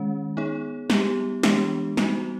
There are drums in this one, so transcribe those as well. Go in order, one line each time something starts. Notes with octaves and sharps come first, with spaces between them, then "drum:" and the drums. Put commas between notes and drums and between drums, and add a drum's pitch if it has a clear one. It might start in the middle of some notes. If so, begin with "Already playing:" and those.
Already playing: D#3 G#3 C#4
B3 D#4 G#4 C#5
G3 B3 D#4 G4, drum: snare
E3 G#3 B3 D4 G4, drum: snare
G3 B3 D#4 F#4, drum: snare